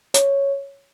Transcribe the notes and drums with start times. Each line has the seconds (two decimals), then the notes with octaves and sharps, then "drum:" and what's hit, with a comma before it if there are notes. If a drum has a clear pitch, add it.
0.14 C#5, drum: hi-hat